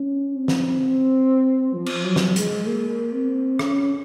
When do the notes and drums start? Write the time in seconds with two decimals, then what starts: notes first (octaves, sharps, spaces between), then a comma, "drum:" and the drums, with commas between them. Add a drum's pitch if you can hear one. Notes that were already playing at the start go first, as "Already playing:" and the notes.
Already playing: C#4
0.35 C4
0.48 drum: snare
1.74 F3
1.86 drum: cymbal
2.04 F#3
2.16 drum: snare
2.36 G#3, drum: hi-hat
2.66 A#3
3.13 C4
3.59 C#4, drum: rim click